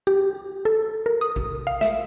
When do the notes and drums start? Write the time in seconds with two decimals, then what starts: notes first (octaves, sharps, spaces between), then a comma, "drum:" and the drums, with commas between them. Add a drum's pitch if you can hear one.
0.07 G4
0.65 A4
1.06 A#4
1.21 D#6
1.36 drum: kick A1
1.67 F5
1.81 E5, drum: snare